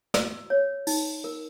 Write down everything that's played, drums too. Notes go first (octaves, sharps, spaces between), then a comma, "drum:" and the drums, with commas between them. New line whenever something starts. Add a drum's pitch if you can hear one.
F#4 E6, drum: snare
C#5
D#4, drum: open hi-hat
A#4